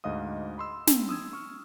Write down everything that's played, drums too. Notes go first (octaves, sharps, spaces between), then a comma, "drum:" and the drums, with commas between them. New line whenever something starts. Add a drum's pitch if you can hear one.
D2 G#2 D#5 F5 D#6
B5 C6 E6
drum: snare
D#6 E6 G#6
C#6 F6